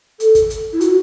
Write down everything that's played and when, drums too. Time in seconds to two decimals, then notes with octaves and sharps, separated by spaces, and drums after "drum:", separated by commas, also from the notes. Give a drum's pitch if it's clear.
0.20 A4, drum: hi-hat
0.35 drum: kick, hi-hat
0.50 drum: hi-hat
0.73 E4
0.81 F#4, drum: hi-hat